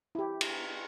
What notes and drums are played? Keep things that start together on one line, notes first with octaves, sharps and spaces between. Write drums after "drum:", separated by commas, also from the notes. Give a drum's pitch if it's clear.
E4 G4
drum: cymbal